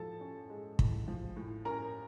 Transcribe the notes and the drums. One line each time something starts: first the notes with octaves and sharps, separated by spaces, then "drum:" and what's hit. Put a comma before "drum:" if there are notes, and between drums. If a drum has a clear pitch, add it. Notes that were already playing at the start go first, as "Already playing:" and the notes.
Already playing: A2 F3 A4 A5
C#4
G#3
A2, drum: kick
F3
A2
C#4 A#4 A#5